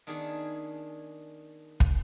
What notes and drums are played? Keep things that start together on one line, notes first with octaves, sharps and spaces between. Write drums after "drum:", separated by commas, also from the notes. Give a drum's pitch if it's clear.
D#3 B3 D4 G#4
drum: kick